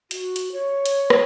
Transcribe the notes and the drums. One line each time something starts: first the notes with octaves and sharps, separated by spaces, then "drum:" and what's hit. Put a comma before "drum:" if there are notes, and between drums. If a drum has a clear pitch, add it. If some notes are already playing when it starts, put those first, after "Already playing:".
F#4, drum: hi-hat
drum: hi-hat
C#5
drum: hi-hat
drum: rim click